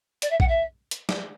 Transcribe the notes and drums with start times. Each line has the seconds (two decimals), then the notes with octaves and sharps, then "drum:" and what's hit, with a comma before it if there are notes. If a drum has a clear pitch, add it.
0.22 D5, drum: hi-hat
0.30 E5
0.40 F#5, drum: kick A#1
0.48 E5
0.91 drum: hi-hat
1.09 drum: snare